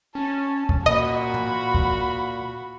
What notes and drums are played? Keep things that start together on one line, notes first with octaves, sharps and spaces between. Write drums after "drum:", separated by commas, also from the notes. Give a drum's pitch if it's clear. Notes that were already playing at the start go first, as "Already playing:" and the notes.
C#4 A5
drum: kick
A#2 F#4 D#5 B5
drum: tom
drum: kick